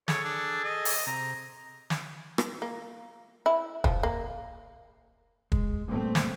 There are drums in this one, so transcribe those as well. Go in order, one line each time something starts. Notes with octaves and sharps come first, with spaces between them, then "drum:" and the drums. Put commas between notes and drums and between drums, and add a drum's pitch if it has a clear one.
G#4 A4 C#5, drum: snare
D4
D#5
drum: open hi-hat
C3 A#5
drum: snare
drum: rim click
A#3
E4
F3, drum: kick
A#3
G#3, drum: kick
G2 A#2 A3 C4
drum: snare